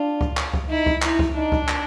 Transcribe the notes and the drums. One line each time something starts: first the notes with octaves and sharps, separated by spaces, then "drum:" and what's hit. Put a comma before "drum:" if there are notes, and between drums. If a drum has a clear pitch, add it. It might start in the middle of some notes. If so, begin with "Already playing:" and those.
Already playing: D4 F4
drum: kick C#2
drum: clap
drum: kick C#2
D#4 E4
drum: kick C#2
D#4 E4, drum: clap
drum: kick C#2
D4 D#4
drum: kick C#2
drum: clap